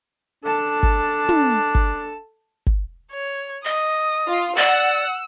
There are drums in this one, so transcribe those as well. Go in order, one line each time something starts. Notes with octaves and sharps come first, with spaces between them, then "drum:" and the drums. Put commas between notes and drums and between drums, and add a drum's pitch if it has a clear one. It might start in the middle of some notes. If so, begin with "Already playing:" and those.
D4 A4 A5
drum: kick G1
drum: tom
drum: kick G1
drum: kick G1
C#5
D#5 D#6
F4
D5 F#5 E6